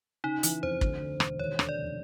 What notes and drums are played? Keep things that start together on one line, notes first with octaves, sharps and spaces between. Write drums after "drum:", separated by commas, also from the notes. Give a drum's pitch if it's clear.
C#3 D#4
E3, drum: hi-hat
F2 C5
D2, drum: kick
D3
E1, drum: rim click
D#2 C#5
D3, drum: rim click
D5
F1